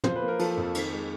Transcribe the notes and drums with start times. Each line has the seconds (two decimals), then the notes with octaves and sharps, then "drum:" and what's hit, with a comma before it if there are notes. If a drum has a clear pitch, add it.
0.04 F3 C5, drum: tom
0.16 B4
0.22 A#3
0.28 A#4
0.39 F3 A4, drum: cymbal
0.51 A4
0.57 F2
0.63 A4
0.75 D#3, drum: cymbal
0.92 G#3